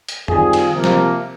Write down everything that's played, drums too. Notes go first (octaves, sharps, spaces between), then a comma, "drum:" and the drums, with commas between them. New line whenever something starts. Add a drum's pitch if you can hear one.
drum: hi-hat
D#3 G3 C4 F4 G#4, drum: tom F#2
drum: cymbal
C3 F3 A#3
drum: snare